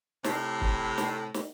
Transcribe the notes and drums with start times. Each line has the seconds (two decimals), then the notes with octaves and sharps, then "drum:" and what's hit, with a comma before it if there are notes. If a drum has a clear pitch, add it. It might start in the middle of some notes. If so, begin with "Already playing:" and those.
0.24 A2 C3, drum: snare
0.61 drum: kick
0.98 drum: snare
1.34 drum: snare